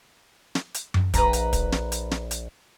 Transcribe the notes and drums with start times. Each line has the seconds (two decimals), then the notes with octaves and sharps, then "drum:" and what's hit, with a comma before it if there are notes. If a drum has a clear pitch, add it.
0.55 drum: snare
0.75 drum: hi-hat
0.94 drum: tom F#2
1.14 A#1 B4 A#5, drum: kick, hi-hat
1.33 drum: hi-hat
1.53 drum: kick, hi-hat
1.72 drum: snare
1.92 drum: hi-hat
2.11 drum: snare
2.31 drum: hi-hat